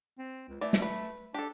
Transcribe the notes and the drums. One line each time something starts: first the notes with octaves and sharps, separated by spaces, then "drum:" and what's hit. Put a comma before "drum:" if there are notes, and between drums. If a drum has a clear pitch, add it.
C4
C#2
E3 A3 D5
drum: snare
B4
D4 G4 A4